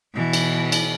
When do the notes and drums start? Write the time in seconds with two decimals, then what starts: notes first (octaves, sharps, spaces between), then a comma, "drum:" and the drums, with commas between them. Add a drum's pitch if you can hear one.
0.14 B2 E3
0.33 drum: cymbal
0.72 drum: cymbal